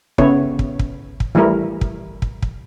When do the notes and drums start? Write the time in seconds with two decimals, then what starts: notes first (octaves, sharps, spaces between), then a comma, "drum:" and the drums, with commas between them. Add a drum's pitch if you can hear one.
0.18 C#3 B3 E4 C#5, drum: kick
0.59 drum: kick
0.79 drum: kick
1.20 drum: kick
1.35 E3 G3 A3 E4 A#4
1.81 drum: kick
2.22 drum: kick
2.42 drum: kick